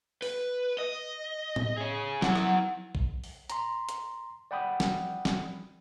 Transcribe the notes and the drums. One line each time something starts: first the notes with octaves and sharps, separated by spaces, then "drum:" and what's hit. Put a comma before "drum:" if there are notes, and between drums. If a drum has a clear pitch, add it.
B4, drum: open hi-hat
D#5
drum: tom A2
C#4 G#4
F#3 E4 F#5, drum: snare
drum: rim click
drum: kick A#1
drum: open hi-hat
A#5 C6, drum: hi-hat
drum: hi-hat
D5 F#5 G5 B5 D#6
drum: snare
drum: snare